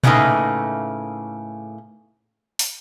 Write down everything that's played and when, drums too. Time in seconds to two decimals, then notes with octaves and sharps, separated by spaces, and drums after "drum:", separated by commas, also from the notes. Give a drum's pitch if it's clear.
0.03 A2 C#3 A3 A#3 D#4 B4, drum: tom A#2
2.59 drum: open hi-hat